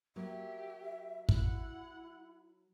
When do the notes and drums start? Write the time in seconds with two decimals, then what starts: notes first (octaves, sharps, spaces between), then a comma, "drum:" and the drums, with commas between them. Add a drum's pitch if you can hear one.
0.16 F#3 A#3 G4 E5
1.29 E4 F#5, drum: kick